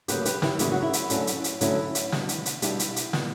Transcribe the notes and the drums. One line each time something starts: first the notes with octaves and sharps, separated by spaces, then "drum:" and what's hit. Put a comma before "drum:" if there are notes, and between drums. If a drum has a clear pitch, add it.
D2 C#3 F#3 A#3 G4 B4, drum: hi-hat
G4 B4, drum: hi-hat
E4 G4, drum: snare
D2 C#3 F#3 A#3 E4, drum: hi-hat
F#4
E4
drum: hi-hat
D2 D3 F#3 C#4, drum: hi-hat
drum: hi-hat
drum: hi-hat
D2 D3 F#3 C#4 E4, drum: hi-hat
drum: hi-hat
B2 G3 B3 D4, drum: snare
drum: hi-hat
drum: hi-hat
B2 G3 B3 D4 E4 G4, drum: hi-hat
drum: hi-hat
drum: hi-hat
A#2 G3 B3, drum: snare